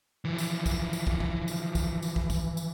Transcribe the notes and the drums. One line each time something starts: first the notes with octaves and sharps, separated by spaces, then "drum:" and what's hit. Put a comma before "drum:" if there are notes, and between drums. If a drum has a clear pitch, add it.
E3 F3
drum: tambourine
drum: kick, tambourine
drum: tambourine
drum: kick
drum: kick
drum: tambourine
drum: kick, tambourine
drum: tambourine
drum: kick
drum: kick, tambourine
drum: tambourine